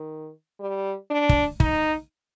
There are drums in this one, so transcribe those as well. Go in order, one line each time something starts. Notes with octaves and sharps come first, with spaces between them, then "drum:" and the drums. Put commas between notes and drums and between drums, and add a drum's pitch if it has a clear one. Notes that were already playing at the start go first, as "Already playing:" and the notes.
Already playing: D#3
G3
D4
drum: kick
D#4, drum: kick